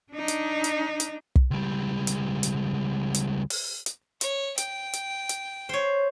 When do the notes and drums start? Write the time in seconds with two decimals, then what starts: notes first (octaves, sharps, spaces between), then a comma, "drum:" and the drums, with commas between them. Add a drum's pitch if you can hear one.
0.13 D4 D#4
0.28 drum: hi-hat
0.64 drum: hi-hat
1.00 drum: hi-hat
1.35 drum: kick
1.51 C#2 G3
2.07 drum: hi-hat
2.43 drum: hi-hat
3.14 drum: hi-hat
3.50 drum: open hi-hat
3.86 drum: hi-hat
4.21 C#5, drum: hi-hat
4.58 G5, drum: hi-hat
4.93 drum: hi-hat
5.29 drum: hi-hat
5.69 C5 C#5